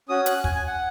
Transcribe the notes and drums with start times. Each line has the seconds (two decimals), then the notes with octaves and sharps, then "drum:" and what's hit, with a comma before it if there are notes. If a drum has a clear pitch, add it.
0.09 C#4 F#4 D#6
0.26 F#6, drum: hi-hat
0.44 G#5, drum: kick
0.55 G#5
0.67 F#5